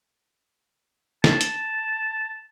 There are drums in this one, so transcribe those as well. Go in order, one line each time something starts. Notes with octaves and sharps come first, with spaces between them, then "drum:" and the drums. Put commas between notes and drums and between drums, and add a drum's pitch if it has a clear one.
A5, drum: snare
drum: hi-hat